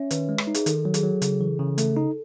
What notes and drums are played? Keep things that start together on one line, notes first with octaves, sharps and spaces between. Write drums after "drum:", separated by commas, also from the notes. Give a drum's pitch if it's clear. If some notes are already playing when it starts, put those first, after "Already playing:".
Already playing: C#4 C#5 E5
D#3 B4, drum: hi-hat
G#3
drum: rim click
D#4
G#4, drum: hi-hat
D#3 A4, drum: hi-hat
F#3
G#4, drum: hi-hat
F#3
C#3 G#4, drum: hi-hat
E3
C#3
A3 A4, drum: hi-hat
D#4